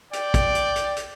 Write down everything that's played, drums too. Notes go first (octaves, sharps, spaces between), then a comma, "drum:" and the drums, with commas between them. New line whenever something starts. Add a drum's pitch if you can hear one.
D5 G5, drum: hi-hat
drum: kick, hi-hat
drum: hi-hat
drum: hi-hat
drum: hi-hat